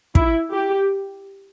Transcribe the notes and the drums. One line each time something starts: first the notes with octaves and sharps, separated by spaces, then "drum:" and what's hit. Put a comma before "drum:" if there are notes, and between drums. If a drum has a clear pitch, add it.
E4, drum: kick
G4